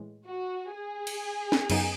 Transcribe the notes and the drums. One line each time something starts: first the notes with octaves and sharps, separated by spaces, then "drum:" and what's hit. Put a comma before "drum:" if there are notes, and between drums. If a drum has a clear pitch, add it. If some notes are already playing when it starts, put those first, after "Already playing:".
Already playing: A2 E3 G#3
F#4
G#4
drum: cymbal
drum: snare
F#2 C#3 F#3 B3 D#4, drum: cymbal